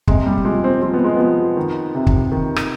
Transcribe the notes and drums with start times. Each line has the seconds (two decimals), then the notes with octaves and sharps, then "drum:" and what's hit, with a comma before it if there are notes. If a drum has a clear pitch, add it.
0.08 C3 G#3, drum: kick
0.26 G3
0.45 F3 G#3
0.64 C4
0.82 F3 C4
0.94 B3
1.04 G#3
1.16 F3 B3
1.57 D#3
1.95 C3
2.07 drum: kick
2.32 D#3
2.56 drum: rim click